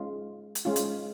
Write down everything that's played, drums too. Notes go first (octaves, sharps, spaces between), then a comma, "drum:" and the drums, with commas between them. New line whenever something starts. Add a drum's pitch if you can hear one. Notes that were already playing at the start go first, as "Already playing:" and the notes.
Already playing: G#3 C#4 F4
drum: hi-hat
G#3 C#4 F4
drum: hi-hat